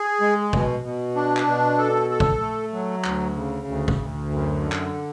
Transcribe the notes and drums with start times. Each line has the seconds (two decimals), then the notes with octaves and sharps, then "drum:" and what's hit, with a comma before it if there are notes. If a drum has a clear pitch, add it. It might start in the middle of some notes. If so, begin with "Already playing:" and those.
Already playing: G#4
0.21 G#3
0.53 B2, drum: kick
0.84 B2
1.15 D4
1.36 drum: clap
1.46 B2
1.78 A4
2.10 A4
2.20 drum: kick
2.41 A3
2.73 F#3
3.04 D2, drum: clap
3.36 C#3
3.66 D2
3.88 drum: kick
3.98 D2
4.30 F#2
4.61 D3
4.72 drum: clap